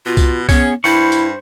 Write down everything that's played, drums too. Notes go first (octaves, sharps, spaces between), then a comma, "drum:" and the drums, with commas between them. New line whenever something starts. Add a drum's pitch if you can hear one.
B2 F4
drum: kick C2, tambourine
B3 C#4 G#4 C#5, drum: kick C2, tambourine
G2 E4 C5 B5 C#6
drum: tambourine